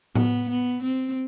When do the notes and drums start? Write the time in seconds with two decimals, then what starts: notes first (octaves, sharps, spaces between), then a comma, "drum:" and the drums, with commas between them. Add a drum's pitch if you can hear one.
0.15 B3, drum: tom A2
0.49 B3
0.82 C4